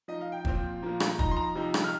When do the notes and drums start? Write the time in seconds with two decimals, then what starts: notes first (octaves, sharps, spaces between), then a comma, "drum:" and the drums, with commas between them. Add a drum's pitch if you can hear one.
0.08 F3 D#4 D#5
0.21 F5
0.32 G5
0.45 A#2 F3 C4 F4, drum: kick
0.82 A#2 F3 A#3
1.00 drum: rim click
1.19 F3 D#4 A#5, drum: kick
1.31 C6
1.37 A#5
1.55 C3 F3 D#4
1.74 drum: rim click
1.84 F6